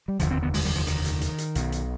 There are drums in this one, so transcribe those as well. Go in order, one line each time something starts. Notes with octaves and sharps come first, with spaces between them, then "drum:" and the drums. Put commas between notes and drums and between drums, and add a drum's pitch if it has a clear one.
G3
F1 D#2 D3 F3, drum: hi-hat
C4
B3
G#3, drum: open hi-hat
G3
F3
D#3, drum: hi-hat
drum: hi-hat
drum: hi-hat
drum: hi-hat
B1 B2, drum: hi-hat
drum: hi-hat